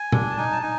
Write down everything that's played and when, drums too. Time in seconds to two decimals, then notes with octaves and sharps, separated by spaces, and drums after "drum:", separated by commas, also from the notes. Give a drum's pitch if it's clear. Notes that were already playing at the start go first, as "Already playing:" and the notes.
Already playing: G#5
0.12 D4, drum: tom A#2
0.30 A5
0.37 D#4 G#5
0.52 A5
0.62 D#4 G#5